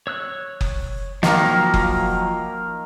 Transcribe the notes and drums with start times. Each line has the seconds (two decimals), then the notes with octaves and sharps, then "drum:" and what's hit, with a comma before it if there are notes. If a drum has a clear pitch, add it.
0.07 C#5 E6 F#6
0.61 drum: kick F#1
1.23 D#3 F3 F#3 A#3 A#4, drum: snare
1.74 drum: kick F#1